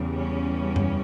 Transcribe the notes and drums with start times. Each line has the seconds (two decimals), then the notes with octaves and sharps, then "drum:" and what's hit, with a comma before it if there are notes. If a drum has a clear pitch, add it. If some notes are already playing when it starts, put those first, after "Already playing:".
Already playing: E2 C#3 G3
0.13 C#4
0.76 drum: tom F#2